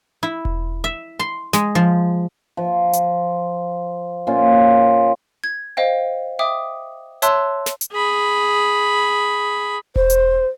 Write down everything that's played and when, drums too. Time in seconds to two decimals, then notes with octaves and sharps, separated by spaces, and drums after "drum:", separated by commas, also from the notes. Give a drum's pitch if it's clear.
0.23 E4
0.45 drum: kick E1
0.84 E5
1.19 C6
1.53 G#3, drum: snare
1.75 F3
2.57 F3
2.93 drum: hi-hat
4.27 A#2 C#4 F4
5.44 G#6
5.77 C5 D#5 F5 G5
6.39 E5 G5 D6 D#6
7.22 C#5 E5 A5 C6 E6 F#6, drum: hi-hat
7.66 drum: snare
7.81 drum: hi-hat
7.92 G#4 B5
9.96 C5, drum: kick E1
10.10 drum: hi-hat